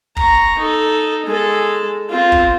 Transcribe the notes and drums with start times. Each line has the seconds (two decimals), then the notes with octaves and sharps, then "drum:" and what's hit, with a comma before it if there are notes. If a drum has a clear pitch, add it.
0.17 A#5 C#6, drum: kick
0.58 D#4 A4
1.26 G#3 A4
2.09 C4 F4
2.32 drum: kick